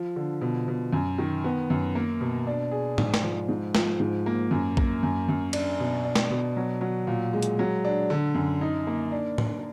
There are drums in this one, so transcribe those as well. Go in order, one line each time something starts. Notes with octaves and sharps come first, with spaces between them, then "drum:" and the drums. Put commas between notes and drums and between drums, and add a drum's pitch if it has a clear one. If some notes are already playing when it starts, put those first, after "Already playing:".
Already playing: F3
D3
B2
B2
F#2
D#3
B3
F#2
A#3
B2
D4
G#4
G#2, drum: tom A2
drum: snare
F3
G#2
F3, drum: snare
G#2
A#3
F#2
A#3, drum: kick A#1
F#2
F#2
D4, drum: cymbal
B2
D4
drum: snare
B2
F#3
F#3
A#2
G#3
drum: hi-hat
F#3
D4
D3
F#2
D#4
A#3
D4
D4, drum: tom A2